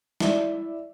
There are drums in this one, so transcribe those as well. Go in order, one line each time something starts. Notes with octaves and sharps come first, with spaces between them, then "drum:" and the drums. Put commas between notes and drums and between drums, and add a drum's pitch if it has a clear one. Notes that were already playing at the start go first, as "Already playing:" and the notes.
E4 D5 E5, drum: snare